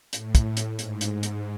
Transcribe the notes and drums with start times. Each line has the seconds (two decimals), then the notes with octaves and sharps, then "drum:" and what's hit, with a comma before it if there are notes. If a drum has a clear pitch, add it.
0.13 A2, drum: hi-hat
0.35 drum: kick, hi-hat
0.57 drum: hi-hat
0.79 G#2, drum: hi-hat
1.01 drum: hi-hat
1.23 drum: hi-hat